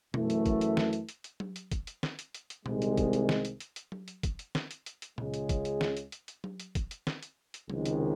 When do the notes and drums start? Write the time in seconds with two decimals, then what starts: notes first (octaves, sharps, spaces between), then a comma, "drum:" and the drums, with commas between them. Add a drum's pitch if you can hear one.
0.14 F#2 E3 A3, drum: tom B2
0.30 drum: hi-hat
0.46 drum: kick, hi-hat
0.61 drum: hi-hat
0.77 drum: snare
0.93 drum: hi-hat
1.09 drum: hi-hat
1.24 drum: hi-hat
1.40 drum: tom F#3
1.56 drum: hi-hat
1.72 drum: kick, hi-hat
1.87 drum: hi-hat
2.03 drum: snare
2.19 drum: hi-hat
2.35 drum: hi-hat
2.50 drum: hi-hat
2.66 C2 C3 D#3 G#3, drum: tom A#2
2.82 drum: hi-hat
2.97 drum: kick, hi-hat
3.13 drum: hi-hat
3.29 drum: snare
3.45 drum: hi-hat
3.60 drum: hi-hat
3.76 drum: hi-hat
3.92 drum: tom F#3
4.08 drum: hi-hat
4.23 drum: kick, hi-hat
4.39 drum: hi-hat
4.55 drum: snare
4.71 drum: hi-hat
4.86 drum: hi-hat
5.02 drum: hi-hat
5.18 C#2 C#3 G#3, drum: tom A#2
5.34 drum: hi-hat
5.49 drum: kick, hi-hat
5.65 drum: hi-hat
5.81 drum: snare
5.97 drum: hi-hat
6.12 drum: hi-hat
6.28 drum: hi-hat
6.44 drum: tom F#3
6.60 drum: hi-hat
6.75 drum: kick, hi-hat
6.91 drum: hi-hat
7.07 drum: snare
7.23 drum: hi-hat
7.54 drum: hi-hat
7.70 C#2 C3 D#3, drum: tom F#3
7.86 drum: hi-hat